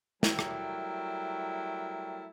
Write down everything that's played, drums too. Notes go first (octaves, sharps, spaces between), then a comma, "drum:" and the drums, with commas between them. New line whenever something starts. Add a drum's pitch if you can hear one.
F#3 G3 A3 E4 A#4 G5, drum: snare
drum: rim click